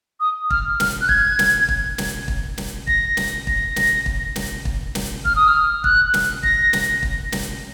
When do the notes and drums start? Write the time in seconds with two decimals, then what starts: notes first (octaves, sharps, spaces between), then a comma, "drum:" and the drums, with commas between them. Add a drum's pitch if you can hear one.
0.20 D#6
0.50 F6, drum: kick
0.80 F6, drum: snare
1.01 F#6
1.09 G#6, drum: kick
1.39 drum: snare
1.69 drum: kick
1.98 drum: snare
2.28 drum: kick
2.58 drum: snare
2.87 A#6, drum: kick
3.17 drum: snare
3.47 A#6, drum: kick
3.76 drum: snare
4.06 drum: kick
4.36 drum: snare
4.65 drum: kick
4.95 drum: snare
5.25 F6, drum: kick
5.36 D#6
5.48 F6
5.84 F#6, drum: kick
6.14 drum: snare
6.43 A#6, drum: kick
6.73 drum: snare
7.03 drum: kick
7.32 drum: snare